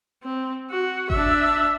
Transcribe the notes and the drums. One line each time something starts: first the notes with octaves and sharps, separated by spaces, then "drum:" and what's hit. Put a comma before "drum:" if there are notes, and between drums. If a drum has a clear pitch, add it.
C4
F#4
D4 E5, drum: kick G1